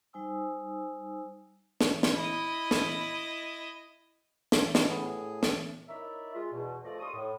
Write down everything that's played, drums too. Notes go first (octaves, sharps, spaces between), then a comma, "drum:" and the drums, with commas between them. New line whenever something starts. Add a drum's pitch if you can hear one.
G3 D#4 C5 G#5 D#6 E6
drum: snare
drum: snare
E4 D#5
drum: snare
drum: snare
drum: snare
A2 B3 G#4
drum: snare
D#4 E4 A#4 C#5 D5 E5
G#3 F4
E2 B2
F3 A3 F4 A4 D5 D#5
D#2 G3 C6 C#6 D#6
A2